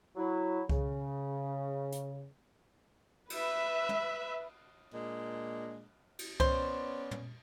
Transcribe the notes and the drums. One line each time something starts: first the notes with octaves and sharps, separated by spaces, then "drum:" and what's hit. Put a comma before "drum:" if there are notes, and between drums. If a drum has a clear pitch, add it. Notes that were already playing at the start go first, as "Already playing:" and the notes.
F#3 E4
C#3, drum: kick C2
drum: hi-hat
B4 E5, drum: cymbal
drum: tom
A#2 G#3 D4
drum: cymbal
B3 C#4 C5 D5, drum: kick C2
drum: tom